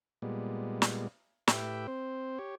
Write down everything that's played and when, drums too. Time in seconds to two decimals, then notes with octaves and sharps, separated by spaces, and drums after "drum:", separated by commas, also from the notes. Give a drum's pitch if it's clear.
0.22 A#2 G3 G#3 B3
0.82 drum: snare
1.48 A2 G4 B4 E5 G5, drum: snare
1.88 C4 C5
2.39 G4 C#5